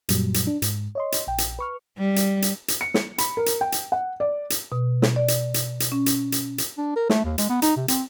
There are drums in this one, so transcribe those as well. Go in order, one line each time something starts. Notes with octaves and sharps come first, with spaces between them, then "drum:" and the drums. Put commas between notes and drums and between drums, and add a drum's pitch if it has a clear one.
F#2 A#2 F#3 G3, drum: hi-hat
drum: hi-hat
D4
G#2, drum: hi-hat
C#5 D#5 C6
drum: hi-hat
A#1 G5
drum: hi-hat
B4 C#6 F6
G3
drum: hi-hat
drum: hi-hat
drum: hi-hat
C#7
drum: snare
B5, drum: hi-hat
A#4
drum: hi-hat
G5
drum: hi-hat
F#5
D5
drum: hi-hat
B2
drum: snare
D5
drum: hi-hat
drum: hi-hat
drum: hi-hat
C#4
drum: hi-hat
drum: hi-hat
drum: hi-hat
D4
A#4
A3, drum: snare
D#2
G#3, drum: hi-hat
B3
D#4, drum: hi-hat
C3
C4, drum: hi-hat